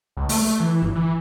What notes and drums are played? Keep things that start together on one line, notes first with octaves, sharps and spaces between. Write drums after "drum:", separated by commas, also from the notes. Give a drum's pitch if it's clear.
C#2
A3, drum: open hi-hat
A3
E3
G1
E3